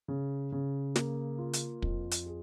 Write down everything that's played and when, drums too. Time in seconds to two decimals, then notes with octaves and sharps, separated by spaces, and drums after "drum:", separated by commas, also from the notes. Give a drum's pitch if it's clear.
0.08 C#3
0.52 C#3
0.96 A#3, drum: snare
1.38 F4
1.53 drum: hi-hat
1.82 F2, drum: kick
2.11 drum: hi-hat
2.26 G#4